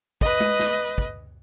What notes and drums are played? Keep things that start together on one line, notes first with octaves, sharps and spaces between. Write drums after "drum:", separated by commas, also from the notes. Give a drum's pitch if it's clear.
B4 D#5, drum: kick
drum: tom G#3
drum: snare
drum: kick